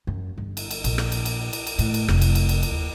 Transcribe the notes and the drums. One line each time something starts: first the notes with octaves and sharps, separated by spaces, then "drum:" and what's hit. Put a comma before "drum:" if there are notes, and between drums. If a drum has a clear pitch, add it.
F#2
G1
drum: cymbal
drum: cymbal
A#1, drum: cymbal
drum: rim click
drum: cymbal
drum: cymbal
drum: cymbal
drum: cymbal
A2, drum: cymbal
drum: cymbal
F1, drum: rim click
drum: cymbal
drum: cymbal
drum: cymbal
drum: cymbal
D#2